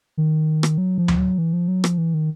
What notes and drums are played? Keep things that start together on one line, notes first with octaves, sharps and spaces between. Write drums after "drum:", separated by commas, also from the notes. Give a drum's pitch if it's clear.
D#3
drum: rim click
F#3
F3
drum: tom D2
F#3
E3
F3
F#3
F3, drum: rim click
E3
D#3